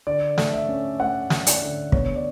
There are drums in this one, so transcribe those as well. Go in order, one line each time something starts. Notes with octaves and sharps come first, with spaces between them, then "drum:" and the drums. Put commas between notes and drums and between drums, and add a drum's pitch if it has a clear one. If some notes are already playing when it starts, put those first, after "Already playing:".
D3 D5
A3, drum: snare
E5
C#4
A3 F#5
A3, drum: snare
D5, drum: hi-hat
D3
B3 C#5, drum: kick
D5